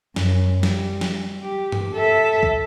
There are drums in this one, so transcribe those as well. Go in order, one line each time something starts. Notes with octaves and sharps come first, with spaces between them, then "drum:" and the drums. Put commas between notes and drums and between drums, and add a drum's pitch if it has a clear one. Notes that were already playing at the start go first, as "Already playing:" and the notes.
F#2, drum: snare
G3, drum: snare
drum: snare
G4
drum: tom G2
A4 E5
drum: kick C2